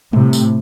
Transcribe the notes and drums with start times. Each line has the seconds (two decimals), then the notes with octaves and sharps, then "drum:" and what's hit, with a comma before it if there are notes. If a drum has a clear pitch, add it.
0.13 A2 C3, drum: tom G3
0.33 drum: tambourine